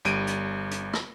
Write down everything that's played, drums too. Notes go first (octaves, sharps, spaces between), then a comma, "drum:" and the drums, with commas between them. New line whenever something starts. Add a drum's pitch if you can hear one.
G1 G3 D7 D#7, drum: hi-hat
drum: hi-hat
drum: hi-hat
drum: rim click